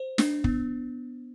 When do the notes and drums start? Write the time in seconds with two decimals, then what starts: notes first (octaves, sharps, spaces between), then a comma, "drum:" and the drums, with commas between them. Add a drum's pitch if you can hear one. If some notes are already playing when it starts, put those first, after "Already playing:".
Already playing: C5
0.18 D4, drum: snare
0.44 B3, drum: kick